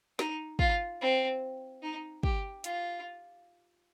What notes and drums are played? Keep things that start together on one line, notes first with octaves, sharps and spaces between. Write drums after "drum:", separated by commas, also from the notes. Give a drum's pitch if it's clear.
D#4, drum: snare
F4, drum: kick
C4
D#4
G4, drum: kick
F4, drum: hi-hat